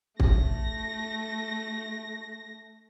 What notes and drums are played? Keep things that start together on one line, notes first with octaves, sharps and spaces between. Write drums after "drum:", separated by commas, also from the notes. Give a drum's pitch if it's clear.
A3 A#6, drum: kick